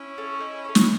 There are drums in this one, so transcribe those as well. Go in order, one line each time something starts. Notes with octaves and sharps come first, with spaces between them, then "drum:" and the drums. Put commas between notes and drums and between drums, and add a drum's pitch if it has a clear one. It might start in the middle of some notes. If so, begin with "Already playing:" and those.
Already playing: C#4 E4
A4 C#5
D#4
A4 C#5
drum: snare